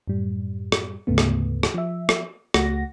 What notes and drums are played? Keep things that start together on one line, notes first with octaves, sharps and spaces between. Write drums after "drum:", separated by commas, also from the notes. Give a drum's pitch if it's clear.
F#2 A2 G3
drum: rim click
D2 G#2 C#3 A3 B3
drum: rim click
drum: rim click
F3 E5
drum: rim click
C#2 A3 F#4 F#5 A#6, drum: rim click